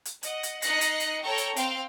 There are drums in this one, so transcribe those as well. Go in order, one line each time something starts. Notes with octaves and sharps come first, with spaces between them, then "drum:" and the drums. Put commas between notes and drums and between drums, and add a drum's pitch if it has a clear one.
drum: hi-hat
D#5 F#5, drum: hi-hat
drum: hi-hat
D#4 D#5 F#6 A#6 C7 C#7, drum: hi-hat
drum: hi-hat
drum: hi-hat
A4 C#5 G5 A#5 C#6
drum: hi-hat
C4 F5 G5, drum: hi-hat